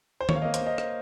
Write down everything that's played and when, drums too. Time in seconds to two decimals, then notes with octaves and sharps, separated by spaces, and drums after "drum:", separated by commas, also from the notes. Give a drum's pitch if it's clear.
0.21 C5
0.29 A#3 C#5, drum: tom D#3
0.35 F5
0.42 A#3 D#5
0.54 C5, drum: hi-hat
0.61 A#3
0.66 D#5
0.78 drum: rim click